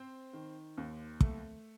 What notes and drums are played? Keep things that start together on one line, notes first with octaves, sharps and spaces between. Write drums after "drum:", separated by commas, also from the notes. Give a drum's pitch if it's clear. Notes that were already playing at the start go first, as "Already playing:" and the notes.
Already playing: C4 C5
D#3
D#2
A3, drum: kick